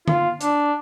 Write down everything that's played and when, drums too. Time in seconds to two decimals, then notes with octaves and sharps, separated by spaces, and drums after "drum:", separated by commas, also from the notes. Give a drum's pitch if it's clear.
0.08 F4, drum: tom D3
0.41 D4, drum: hi-hat